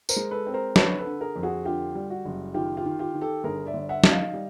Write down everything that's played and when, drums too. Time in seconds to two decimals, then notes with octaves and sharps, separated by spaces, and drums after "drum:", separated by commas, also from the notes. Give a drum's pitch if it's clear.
0.09 A#4 C5, drum: tambourine
0.16 G#3
0.31 A4 B4
0.47 C4
0.54 A#4 C5
0.76 D3 B4 C#5, drum: snare
0.98 A4 B4
1.06 D3
1.21 G#4 A#4
1.36 F2
1.43 F#4 G#4
1.65 D3 F4 G4
1.95 G3
2.10 F#4
2.25 F#1
2.54 D#3 F4 G4
2.77 F4 G4
2.85 D#3
2.99 F4 G4
3.14 D#3
3.21 G4 A4
3.44 G1 G#4 A#4
3.66 D5 E5
3.74 G1
3.89 E5 F#5
4.04 D#3, drum: snare
4.11 D#5 F5
4.34 G3